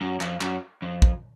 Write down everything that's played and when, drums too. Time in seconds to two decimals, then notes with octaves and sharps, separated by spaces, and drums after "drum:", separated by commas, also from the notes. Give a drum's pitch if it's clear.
0.01 F#2
0.21 F2, drum: clap
0.41 F#2, drum: clap
0.82 F2
1.02 drum: kick